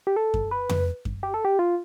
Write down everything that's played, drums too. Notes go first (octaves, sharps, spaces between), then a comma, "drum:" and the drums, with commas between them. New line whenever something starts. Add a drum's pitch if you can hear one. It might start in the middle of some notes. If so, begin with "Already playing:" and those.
G4
A4
drum: kick F#2
B4
drum: tom F2
drum: kick F#2
G4
A4
G4
F4